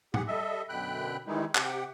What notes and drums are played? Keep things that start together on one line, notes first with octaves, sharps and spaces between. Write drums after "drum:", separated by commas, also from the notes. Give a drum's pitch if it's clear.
G4 G#4 F#5, drum: tom A2
G3 A4 D#5 E5
F#2 B2 D3 G5 B5 F#6
D#3 E3 G3 G#3 D#4 E4
C3 G4 F#5 G5, drum: clap